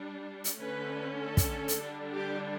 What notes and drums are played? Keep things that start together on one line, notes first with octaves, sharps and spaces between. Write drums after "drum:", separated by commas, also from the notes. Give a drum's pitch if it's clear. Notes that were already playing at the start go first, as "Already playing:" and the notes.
Already playing: G3 D4
drum: hi-hat
D3 A3 C#4 B4
A4
drum: kick, hi-hat
drum: hi-hat
D3 G3 D4
G4